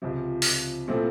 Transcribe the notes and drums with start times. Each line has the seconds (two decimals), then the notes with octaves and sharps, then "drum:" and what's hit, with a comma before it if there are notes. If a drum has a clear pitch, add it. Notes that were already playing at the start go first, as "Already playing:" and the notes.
0.02 C#2 C3 F3
0.42 drum: open hi-hat
0.88 A#2 F3 A3 C4 E4